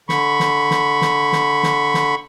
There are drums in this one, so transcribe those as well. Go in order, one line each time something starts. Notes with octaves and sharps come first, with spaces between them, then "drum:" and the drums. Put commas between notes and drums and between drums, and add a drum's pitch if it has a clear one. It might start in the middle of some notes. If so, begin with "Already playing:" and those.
D3 B5 C#6, drum: snare
drum: snare
drum: snare
drum: snare
drum: snare
drum: snare
drum: snare